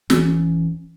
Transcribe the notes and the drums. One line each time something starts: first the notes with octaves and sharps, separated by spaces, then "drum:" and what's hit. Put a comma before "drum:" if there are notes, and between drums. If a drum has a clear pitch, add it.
D#1 E3 C#4, drum: snare